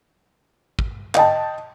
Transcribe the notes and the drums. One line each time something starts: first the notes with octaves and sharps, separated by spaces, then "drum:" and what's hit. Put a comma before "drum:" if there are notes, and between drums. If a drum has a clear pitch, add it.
drum: kick
D#5 G5 A5, drum: clap